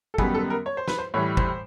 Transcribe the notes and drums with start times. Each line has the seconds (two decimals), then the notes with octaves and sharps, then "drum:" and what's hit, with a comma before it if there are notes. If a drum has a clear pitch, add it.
0.14 A4
0.18 F#2 D#3 G3 B3 G#4, drum: kick
0.34 A4
0.50 A#4
0.66 C#5
0.77 C5
0.88 B4, drum: snare
0.98 C5
1.14 A2 E3 G3 C#5
1.37 C5, drum: kick